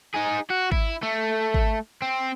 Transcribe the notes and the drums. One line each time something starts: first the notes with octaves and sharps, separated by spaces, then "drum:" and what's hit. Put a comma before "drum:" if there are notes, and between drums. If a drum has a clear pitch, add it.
D#4 G#4
F#4
E4, drum: kick G#1
A3
drum: kick G#1
C4